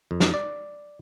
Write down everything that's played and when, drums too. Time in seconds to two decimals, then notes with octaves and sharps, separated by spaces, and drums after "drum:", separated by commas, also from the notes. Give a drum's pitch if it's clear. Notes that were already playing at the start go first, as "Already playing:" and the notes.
0.11 F2
0.20 drum: snare
0.34 D5